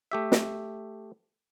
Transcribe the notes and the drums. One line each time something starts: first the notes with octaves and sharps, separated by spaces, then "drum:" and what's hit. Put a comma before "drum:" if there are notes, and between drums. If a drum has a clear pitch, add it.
A3 G4 E5
drum: snare